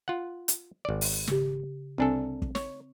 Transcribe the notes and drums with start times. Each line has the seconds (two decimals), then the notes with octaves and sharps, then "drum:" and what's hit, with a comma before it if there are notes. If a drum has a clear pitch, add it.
0.08 F4 F#5
0.48 drum: hi-hat
0.85 G#1 D5
1.01 drum: open hi-hat
1.27 C#3 G4, drum: snare
1.98 C2 C4 D4 A4 G#5
2.42 drum: kick
2.55 C#5, drum: snare